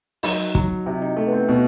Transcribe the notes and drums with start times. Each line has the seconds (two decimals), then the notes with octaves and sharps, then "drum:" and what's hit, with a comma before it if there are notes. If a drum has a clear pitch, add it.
0.23 F#3 D#4, drum: open hi-hat
0.55 F#3, drum: kick
0.86 C3 E4
1.02 D#4
1.17 A3
1.27 B3
1.33 C4
1.49 B2 B3